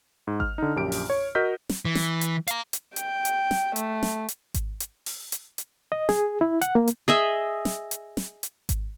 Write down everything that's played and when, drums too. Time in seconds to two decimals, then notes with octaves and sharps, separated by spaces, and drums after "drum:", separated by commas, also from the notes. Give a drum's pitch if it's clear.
0.27 G#2
0.40 F6, drum: kick G#1
0.58 D3 D#4
0.76 A#1 F#2 G4 D7
0.92 drum: open hi-hat
1.10 C#5
1.35 F#4 A#4 D#5 F6 G6 B6
1.69 drum: snare
1.85 E3
1.95 drum: snare
2.21 drum: hi-hat
2.48 F5 A#5, drum: hi-hat
2.73 drum: hi-hat
2.96 G5, drum: hi-hat
3.25 drum: hi-hat
3.51 drum: snare
3.76 A3, drum: hi-hat
4.03 drum: snare
4.29 drum: hi-hat
4.54 drum: kick G#1, hi-hat
4.80 drum: hi-hat
5.06 drum: open hi-hat
5.32 drum: hi-hat
5.58 drum: hi-hat
5.92 D#5
6.09 G#4, drum: snare
6.41 E4
6.61 F#5, drum: hi-hat
6.75 A#3
6.88 drum: hi-hat
7.08 G#4 D#5 E5
7.65 drum: snare
7.91 drum: hi-hat
8.17 drum: snare
8.43 drum: hi-hat
8.69 drum: kick G#1, hi-hat